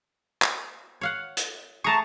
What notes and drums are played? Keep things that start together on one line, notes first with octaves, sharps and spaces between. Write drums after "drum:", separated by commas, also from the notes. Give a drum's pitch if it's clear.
drum: clap
C#5 F5 F#5
drum: hi-hat
A3 G#4 A5 A#5 C#6